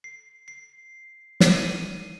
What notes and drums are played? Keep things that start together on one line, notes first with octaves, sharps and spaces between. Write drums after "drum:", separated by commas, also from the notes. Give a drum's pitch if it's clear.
C7
C7
drum: snare
D#7